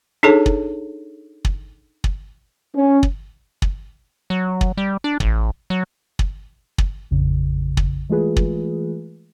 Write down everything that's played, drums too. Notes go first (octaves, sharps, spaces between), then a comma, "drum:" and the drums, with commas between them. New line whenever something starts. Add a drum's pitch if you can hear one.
D4 D#4 G#4 A4 C#5 A5
drum: kick
drum: kick
drum: kick
C#4
drum: kick
drum: kick
F#3
drum: kick
G3
D4
A1, drum: kick
F#3
drum: kick
drum: kick
A1 F2 C#3
drum: kick
E3 G#3 A3 F4 G#4 B4
drum: kick